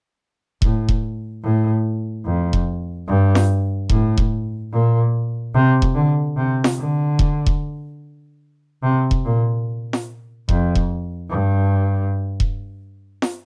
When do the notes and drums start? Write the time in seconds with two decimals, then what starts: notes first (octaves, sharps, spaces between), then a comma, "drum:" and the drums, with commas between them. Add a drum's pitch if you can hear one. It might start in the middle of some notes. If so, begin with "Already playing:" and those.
0.62 A2, drum: kick E1
0.89 drum: kick E1
1.43 A2
2.25 F2
2.53 drum: kick E1
3.08 G2
3.35 drum: snare
3.89 A2, drum: kick E1
4.17 drum: kick E1
4.73 A#2
5.55 C3
5.82 drum: kick E1
5.95 D3
6.37 C3
6.64 drum: snare
6.78 D3
7.19 drum: kick E1
7.46 drum: kick E1
8.83 C3
9.11 drum: kick E1
9.25 A#2
9.93 drum: snare
10.49 F2, drum: kick E1
10.75 drum: kick E1
11.30 G2
12.40 drum: kick E1
13.22 drum: snare